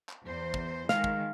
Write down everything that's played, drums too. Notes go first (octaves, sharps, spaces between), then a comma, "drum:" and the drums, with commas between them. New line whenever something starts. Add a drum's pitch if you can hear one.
drum: clap
E2 C5
drum: kick
D#3 G#3 F5, drum: snare
drum: kick